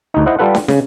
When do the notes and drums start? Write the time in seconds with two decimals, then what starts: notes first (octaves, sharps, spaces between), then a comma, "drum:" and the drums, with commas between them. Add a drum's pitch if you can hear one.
0.14 D2 D#4
0.26 E4 C5 D#5 F#5
0.39 G3 F4 A4 B4 F#5
0.55 drum: snare
0.68 C#3, drum: snare